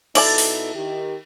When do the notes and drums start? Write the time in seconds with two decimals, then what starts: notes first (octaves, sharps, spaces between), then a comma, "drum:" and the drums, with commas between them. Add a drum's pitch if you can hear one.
0.15 B2 D#4 E4 A4 D5 A5, drum: cymbal
0.38 drum: open hi-hat
0.74 D#3 G4